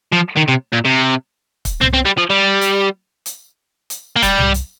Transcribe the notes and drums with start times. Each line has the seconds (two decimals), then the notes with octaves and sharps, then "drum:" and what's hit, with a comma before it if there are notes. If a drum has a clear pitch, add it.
0.12 F3
0.36 D#3
0.48 C3
0.73 A#2
0.85 C3
1.65 drum: kick, hi-hat
1.81 C4, drum: tom C2
1.93 C4
2.05 G3
2.18 F3
2.30 G3
2.61 drum: hi-hat
3.26 drum: hi-hat
3.90 drum: hi-hat
4.16 A#3
4.22 G3, drum: kick, hi-hat
4.38 drum: tom C2
4.54 drum: hi-hat